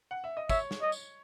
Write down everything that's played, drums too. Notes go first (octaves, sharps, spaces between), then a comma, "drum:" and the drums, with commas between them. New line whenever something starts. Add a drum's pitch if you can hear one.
F#5
E5
D#5
C#5 E5, drum: kick, tambourine
drum: snare
D#5
drum: tambourine